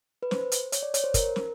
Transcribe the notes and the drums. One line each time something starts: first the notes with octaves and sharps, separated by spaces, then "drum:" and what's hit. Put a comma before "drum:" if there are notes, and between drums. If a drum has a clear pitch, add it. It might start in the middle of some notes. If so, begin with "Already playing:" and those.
B4
C5, drum: snare
drum: hi-hat
C#5, drum: hi-hat
D5
C#5, drum: hi-hat
C5
A#4, drum: kick, hi-hat
drum: snare